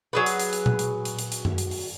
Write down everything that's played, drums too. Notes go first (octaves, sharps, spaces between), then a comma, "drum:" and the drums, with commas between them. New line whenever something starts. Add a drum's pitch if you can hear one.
F#3 G#4 B4
drum: hi-hat
drum: hi-hat
drum: hi-hat
drum: tom A#2
drum: hi-hat
drum: hi-hat
drum: hi-hat
drum: hi-hat
drum: tom
drum: hi-hat
drum: open hi-hat